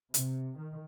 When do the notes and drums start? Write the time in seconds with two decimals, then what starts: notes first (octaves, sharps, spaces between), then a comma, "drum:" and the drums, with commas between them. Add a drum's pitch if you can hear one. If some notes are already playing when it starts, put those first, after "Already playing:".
0.14 C3, drum: hi-hat
0.56 D#3